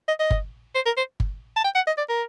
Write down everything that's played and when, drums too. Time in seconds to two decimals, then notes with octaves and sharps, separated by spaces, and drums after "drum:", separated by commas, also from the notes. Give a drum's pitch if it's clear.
0.08 D#5
0.20 D#5
0.31 drum: kick G1
0.75 C5
0.86 A#4
0.97 C5
1.20 drum: kick G1
1.56 A5
1.64 G5
1.75 F#5
1.87 D#5
1.98 D5
2.09 A#4